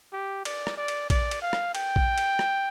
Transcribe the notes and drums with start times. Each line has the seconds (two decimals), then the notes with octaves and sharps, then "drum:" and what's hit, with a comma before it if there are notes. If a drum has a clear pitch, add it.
0.13 G4
0.45 D5, drum: cymbal
0.67 drum: rim click
0.77 D5
0.88 drum: cymbal
1.10 D5, drum: kick A#1, cymbal
1.31 drum: cymbal
1.42 F5
1.53 drum: rim click
1.75 G5, drum: cymbal
1.96 drum: kick A#1
2.18 drum: cymbal
2.39 drum: rim click